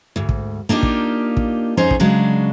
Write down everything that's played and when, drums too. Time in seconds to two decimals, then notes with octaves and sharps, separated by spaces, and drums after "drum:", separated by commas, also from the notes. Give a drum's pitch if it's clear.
0.16 D2 G#2
0.29 drum: kick
0.69 A#3 D4 D#4 F4 G4
0.83 drum: kick
1.37 drum: kick
1.77 F2 C#4 D#4 G#4 C5
1.91 drum: kick
2.00 C#3 F#3 G#3 D4